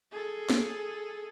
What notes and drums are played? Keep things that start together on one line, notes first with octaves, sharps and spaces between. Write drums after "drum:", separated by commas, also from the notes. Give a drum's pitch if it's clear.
G#4 A4
drum: snare